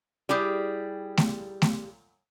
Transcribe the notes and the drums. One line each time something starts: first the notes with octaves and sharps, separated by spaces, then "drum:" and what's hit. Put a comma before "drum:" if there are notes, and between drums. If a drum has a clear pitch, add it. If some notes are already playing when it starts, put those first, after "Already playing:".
G3 E4 G4 G#4
drum: snare A3
drum: snare A3